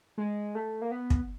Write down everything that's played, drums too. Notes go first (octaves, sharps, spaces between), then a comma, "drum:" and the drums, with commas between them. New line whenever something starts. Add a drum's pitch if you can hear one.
G#3
A3
A#3
B3
drum: kick